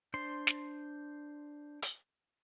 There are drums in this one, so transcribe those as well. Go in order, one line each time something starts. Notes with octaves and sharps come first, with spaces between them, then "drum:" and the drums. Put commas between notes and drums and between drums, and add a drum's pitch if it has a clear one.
D4 C5 C6
drum: snare
drum: hi-hat